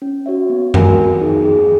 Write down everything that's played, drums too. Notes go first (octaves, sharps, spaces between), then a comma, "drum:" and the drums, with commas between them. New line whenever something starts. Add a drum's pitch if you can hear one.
C#4
F#4 C#5 E5
B3
F#4 A#4 E5 G#5, drum: tom F#2
B3
D#4 G#4
G#4